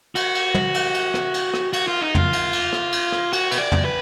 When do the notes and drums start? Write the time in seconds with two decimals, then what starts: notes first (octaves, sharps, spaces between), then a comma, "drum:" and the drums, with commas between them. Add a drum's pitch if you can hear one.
0.15 F#4, drum: cymbal
0.35 drum: cymbal
0.54 drum: tom
0.74 drum: cymbal
0.94 drum: cymbal
1.14 drum: rim click
1.34 drum: cymbal
1.54 drum: rim click
1.73 F#4, drum: cymbal
1.88 F4
2.01 D#4
2.15 F4, drum: tom
2.33 drum: cymbal
2.53 drum: cymbal
2.73 drum: rim click
2.92 drum: cymbal
3.12 drum: rim click
3.33 F#4, drum: cymbal
3.51 B4, drum: cymbal
3.59 D5
3.72 drum: tom
3.85 B4